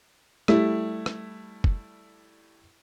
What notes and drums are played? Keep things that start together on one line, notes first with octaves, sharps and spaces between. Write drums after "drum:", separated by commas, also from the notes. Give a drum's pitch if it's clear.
G3 A3 E4, drum: rim click
drum: rim click
drum: kick